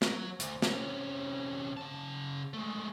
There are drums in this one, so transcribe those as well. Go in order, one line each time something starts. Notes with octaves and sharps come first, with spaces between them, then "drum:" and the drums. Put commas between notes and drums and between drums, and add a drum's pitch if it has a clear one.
F#3, drum: snare
D2, drum: hi-hat
C3 C#4, drum: snare
C#3 A5
G#3 A3